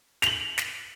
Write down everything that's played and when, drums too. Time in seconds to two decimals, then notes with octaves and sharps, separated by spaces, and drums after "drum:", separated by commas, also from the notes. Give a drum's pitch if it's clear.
0.22 F7 F#7, drum: snare
0.58 drum: snare